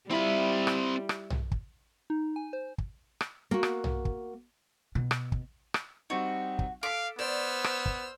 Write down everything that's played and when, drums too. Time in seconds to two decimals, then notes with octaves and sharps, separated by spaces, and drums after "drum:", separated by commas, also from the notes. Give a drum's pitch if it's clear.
0.11 G3 C4 E4 F4 B5
0.67 drum: rim click
1.09 drum: rim click
1.30 drum: tom B1
1.51 drum: kick
2.10 D#4
2.36 G#5
2.53 C5
2.78 drum: kick
3.21 drum: rim click
3.51 A#3 F#4
3.63 drum: rim click
3.84 drum: tom B1
4.05 drum: kick
4.95 B2
5.11 drum: rim click
5.32 drum: kick
5.74 drum: rim click
6.10 G3 C4 D#4 F#4
6.59 drum: kick
6.83 A4 F5 D6 B6
7.19 B3 C5 D5 E6 F6 E7
7.64 drum: rim click
7.86 drum: kick